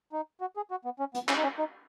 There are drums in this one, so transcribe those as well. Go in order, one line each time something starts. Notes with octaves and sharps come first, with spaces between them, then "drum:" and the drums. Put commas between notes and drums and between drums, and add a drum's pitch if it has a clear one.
D#4
F#4
G#4
F#4
B3
C#4
B3, drum: hi-hat
C#4, drum: clap
D#4
C#4
D#4